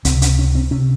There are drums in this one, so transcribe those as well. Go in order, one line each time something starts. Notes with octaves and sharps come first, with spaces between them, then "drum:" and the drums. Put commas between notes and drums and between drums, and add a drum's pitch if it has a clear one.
C#2 C3 C4, drum: hi-hat
C#4, drum: hi-hat
C#4
C4
C3 C#4